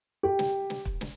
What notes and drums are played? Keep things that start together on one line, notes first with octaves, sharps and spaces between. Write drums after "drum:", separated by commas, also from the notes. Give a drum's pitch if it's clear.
G4
drum: snare
drum: snare
drum: kick
drum: snare